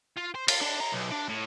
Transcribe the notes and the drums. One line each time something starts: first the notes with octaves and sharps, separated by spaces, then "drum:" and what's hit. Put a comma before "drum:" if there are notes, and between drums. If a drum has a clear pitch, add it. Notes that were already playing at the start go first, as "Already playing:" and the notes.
F4
C5
F4, drum: cymbal
D4
A#5
B1
D4
A2